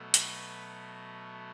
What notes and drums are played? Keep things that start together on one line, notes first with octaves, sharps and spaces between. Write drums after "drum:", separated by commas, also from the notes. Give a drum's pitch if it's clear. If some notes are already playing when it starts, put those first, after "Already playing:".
Already playing: B2 F#3 A3
B4, drum: hi-hat